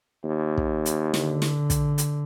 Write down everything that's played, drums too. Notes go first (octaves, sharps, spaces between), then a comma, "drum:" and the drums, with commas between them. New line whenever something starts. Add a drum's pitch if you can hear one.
D#2
drum: kick
drum: hi-hat
D3, drum: snare
drum: snare
drum: kick, hi-hat
drum: hi-hat